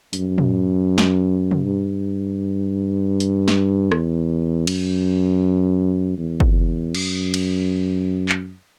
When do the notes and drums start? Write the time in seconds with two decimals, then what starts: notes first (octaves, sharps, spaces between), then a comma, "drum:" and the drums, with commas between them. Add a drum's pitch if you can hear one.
0.13 F#2, drum: hi-hat
0.38 drum: tom
0.98 drum: snare
1.51 drum: tom
1.65 G2
3.20 drum: hi-hat
3.48 drum: snare
3.92 E2, drum: rim click
4.67 F#2, drum: cymbal
6.18 E2
6.40 drum: kick
6.94 F#2, drum: cymbal
7.34 drum: cymbal
8.29 drum: clap